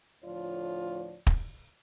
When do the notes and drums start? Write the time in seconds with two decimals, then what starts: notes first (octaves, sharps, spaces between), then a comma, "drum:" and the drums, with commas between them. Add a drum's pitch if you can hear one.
0.23 D2 A2 F3 F4 C#5 D5
1.27 drum: kick